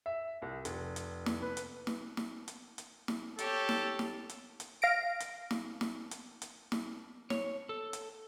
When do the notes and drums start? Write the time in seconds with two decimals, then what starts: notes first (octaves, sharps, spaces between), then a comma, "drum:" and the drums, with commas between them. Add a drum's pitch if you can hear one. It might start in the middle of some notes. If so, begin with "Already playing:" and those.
0.06 E5
0.42 C2
0.65 F1, drum: hi-hat
0.96 drum: hi-hat
1.26 drum: snare
1.42 B4
1.57 drum: hi-hat
1.87 drum: snare
2.17 drum: snare
2.48 drum: hi-hat
2.78 drum: hi-hat
3.08 drum: snare
3.39 G4 A4 C#5, drum: hi-hat
3.69 drum: snare
3.99 drum: snare
4.29 drum: hi-hat
4.60 drum: hi-hat
4.82 F5 A#6 D7
5.20 drum: hi-hat
5.51 drum: snare
5.81 drum: snare
6.11 drum: hi-hat
6.42 drum: hi-hat
6.72 drum: snare
7.30 C#5, drum: snare
7.69 A4
7.93 drum: hi-hat